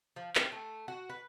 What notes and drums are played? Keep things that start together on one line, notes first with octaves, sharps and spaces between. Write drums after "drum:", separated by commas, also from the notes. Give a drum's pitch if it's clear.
F3
C4, drum: clap
A3
F#4
B4